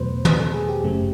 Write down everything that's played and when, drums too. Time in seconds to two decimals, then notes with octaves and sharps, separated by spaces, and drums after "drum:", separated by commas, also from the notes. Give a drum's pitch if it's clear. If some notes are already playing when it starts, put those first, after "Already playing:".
Already playing: E2 B2 F#3 A3 B4 C5
0.25 B4, drum: tom
0.40 A4
0.54 G#4
0.69 G4
0.84 G1 F#2 C#3 F#3 A3